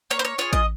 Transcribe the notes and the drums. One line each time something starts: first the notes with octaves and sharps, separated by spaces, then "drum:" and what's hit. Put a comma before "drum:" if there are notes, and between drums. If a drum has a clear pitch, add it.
A#3 C#5
C5
C#5
F4 G#4 C#5
D#5, drum: kick A1